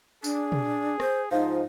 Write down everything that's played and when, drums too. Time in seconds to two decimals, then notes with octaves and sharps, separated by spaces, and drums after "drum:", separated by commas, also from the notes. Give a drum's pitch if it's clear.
0.24 D4 G#4, drum: tambourine
0.52 drum: tom
1.00 C5, drum: rim click
1.32 G#2 F3 D#4 C5